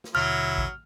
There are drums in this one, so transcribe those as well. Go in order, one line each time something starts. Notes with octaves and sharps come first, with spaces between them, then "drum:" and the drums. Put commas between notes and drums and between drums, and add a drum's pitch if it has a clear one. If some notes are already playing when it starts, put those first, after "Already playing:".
drum: snare
D#2 B2 D3 F#3 E4 F6
drum: kick A1